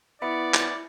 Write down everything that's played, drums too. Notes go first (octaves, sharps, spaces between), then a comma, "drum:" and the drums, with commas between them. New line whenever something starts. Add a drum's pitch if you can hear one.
B3 E4 D5 E5 B5 C#7
drum: clap